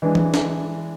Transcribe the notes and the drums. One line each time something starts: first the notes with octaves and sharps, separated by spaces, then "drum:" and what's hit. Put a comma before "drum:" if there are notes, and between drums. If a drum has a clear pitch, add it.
E3 G#3 D4
drum: tom E3
drum: snare